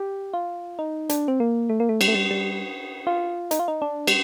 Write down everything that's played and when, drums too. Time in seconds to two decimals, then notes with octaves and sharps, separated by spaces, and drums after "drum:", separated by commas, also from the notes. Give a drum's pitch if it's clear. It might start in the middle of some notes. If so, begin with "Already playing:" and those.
Already playing: G4
0.34 F4
0.79 D#4
1.09 D4, drum: hi-hat
1.28 C4
1.40 A#3
1.70 A3
1.80 A#3
1.89 A3
2.01 G3, drum: cymbal
2.08 A3
2.15 G3
2.31 G3
3.07 F4
3.51 D#4, drum: hi-hat
3.59 F4
3.68 D#4
3.82 D4
4.07 G3, drum: cymbal